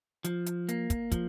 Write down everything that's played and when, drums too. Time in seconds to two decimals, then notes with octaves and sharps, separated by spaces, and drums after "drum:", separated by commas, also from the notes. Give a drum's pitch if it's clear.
0.24 F3, drum: hi-hat
0.46 drum: hi-hat
0.69 A#3, drum: hi-hat
0.90 drum: kick, hi-hat
1.12 F3, drum: kick, hi-hat